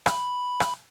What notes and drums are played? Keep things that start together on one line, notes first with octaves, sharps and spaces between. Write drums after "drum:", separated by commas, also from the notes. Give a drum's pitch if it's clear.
B5, drum: rim click
drum: rim click